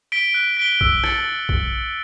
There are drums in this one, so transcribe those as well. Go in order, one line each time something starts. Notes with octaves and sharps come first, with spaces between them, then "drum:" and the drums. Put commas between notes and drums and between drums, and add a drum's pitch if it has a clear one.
B6 D7 G7
F#6
B6 D7 G7
E6, drum: kick A#1
A6 C#7 F#7, drum: rim click
drum: kick A#1